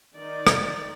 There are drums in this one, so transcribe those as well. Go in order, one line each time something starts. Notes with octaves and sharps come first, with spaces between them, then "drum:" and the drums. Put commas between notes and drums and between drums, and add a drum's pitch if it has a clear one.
D#3 D#4 D5
drum: rim click